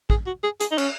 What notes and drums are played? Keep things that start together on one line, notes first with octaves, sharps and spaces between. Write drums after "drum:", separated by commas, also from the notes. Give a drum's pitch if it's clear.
G#4, drum: kick
F#4
G#4
G#4, drum: hi-hat
D#4
C#4, drum: cymbal